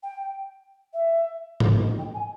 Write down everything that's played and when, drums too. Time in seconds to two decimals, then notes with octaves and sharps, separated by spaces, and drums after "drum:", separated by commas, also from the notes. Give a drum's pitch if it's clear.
0.03 G5
0.93 E5
1.60 drum: tom
1.83 D#5
1.98 G5
2.14 G#5